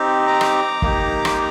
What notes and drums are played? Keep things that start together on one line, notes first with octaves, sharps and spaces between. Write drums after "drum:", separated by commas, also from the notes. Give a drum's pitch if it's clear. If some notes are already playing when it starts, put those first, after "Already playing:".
Already playing: C4 D#4 G4
A#5 D6
drum: rim click
A#3 D#4 G4, drum: kick
drum: rim click